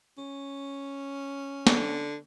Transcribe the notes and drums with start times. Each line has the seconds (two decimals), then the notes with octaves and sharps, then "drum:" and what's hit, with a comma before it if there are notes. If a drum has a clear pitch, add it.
0.18 C#4
1.67 D3, drum: snare